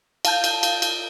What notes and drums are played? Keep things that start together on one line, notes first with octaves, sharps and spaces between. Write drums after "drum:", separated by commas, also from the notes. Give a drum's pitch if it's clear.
F5 A5 G6, drum: cymbal
drum: cymbal
drum: cymbal
drum: cymbal